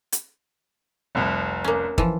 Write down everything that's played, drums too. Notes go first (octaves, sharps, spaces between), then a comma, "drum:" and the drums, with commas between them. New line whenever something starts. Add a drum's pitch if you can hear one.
drum: hi-hat
F1 C2
A#3 C#4
E3 F3, drum: kick